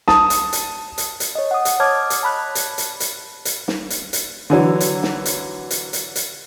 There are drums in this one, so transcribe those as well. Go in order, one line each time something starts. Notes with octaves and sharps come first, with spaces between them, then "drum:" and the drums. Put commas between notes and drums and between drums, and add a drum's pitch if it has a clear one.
A5 D#6, drum: snare
drum: hi-hat
drum: hi-hat
drum: hi-hat
drum: hi-hat
C#5 D#5
F#5 D#6
drum: hi-hat
C#5 D#5 A5 D6 F6 G#6
drum: hi-hat
A5 B5 F#6
drum: hi-hat
drum: hi-hat
drum: hi-hat
drum: hi-hat
drum: snare
drum: hi-hat
drum: hi-hat
D3 E3 F#3
drum: hi-hat
drum: snare
drum: hi-hat
drum: hi-hat
drum: hi-hat
drum: hi-hat